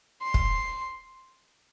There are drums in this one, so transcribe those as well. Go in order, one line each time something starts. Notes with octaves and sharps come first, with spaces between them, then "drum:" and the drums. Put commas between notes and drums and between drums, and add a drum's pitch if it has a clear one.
C6
drum: kick